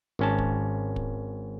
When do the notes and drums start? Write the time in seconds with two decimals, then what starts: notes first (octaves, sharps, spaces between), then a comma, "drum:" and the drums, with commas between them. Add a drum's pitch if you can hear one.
0.19 G#1 C#4 A5
0.38 drum: kick
0.96 drum: kick